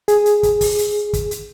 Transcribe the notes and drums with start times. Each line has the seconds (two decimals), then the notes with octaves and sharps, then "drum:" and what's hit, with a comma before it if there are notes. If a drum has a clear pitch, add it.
0.08 G#4, drum: hi-hat
0.26 drum: hi-hat
0.43 drum: kick, hi-hat
0.61 drum: kick, open hi-hat
0.78 drum: hi-hat
1.13 drum: kick, hi-hat
1.31 drum: hi-hat